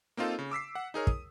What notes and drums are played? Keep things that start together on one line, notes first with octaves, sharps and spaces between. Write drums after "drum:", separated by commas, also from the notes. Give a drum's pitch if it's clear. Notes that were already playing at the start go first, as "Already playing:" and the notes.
A#3 C4 D#4 F4 A4
C#3
D6 E6 B6 C7
F#5
D#4 G#4 A#4 C#5
D#6, drum: kick